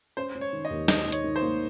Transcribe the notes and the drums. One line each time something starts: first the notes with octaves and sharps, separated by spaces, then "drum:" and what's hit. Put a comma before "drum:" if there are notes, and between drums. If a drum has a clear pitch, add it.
C#4 C5
C#4
C#5
D#3
D#5
D#2
D#3 D#5, drum: snare
D#3
C#5, drum: hi-hat
D#3
C5
A#3